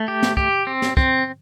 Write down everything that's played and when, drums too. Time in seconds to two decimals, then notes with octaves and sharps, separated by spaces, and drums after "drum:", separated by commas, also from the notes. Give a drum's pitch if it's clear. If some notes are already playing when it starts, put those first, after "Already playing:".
Already playing: A3
0.08 G4
0.23 drum: snare
0.37 G4, drum: kick
0.67 C4
0.82 drum: snare
0.97 C4, drum: kick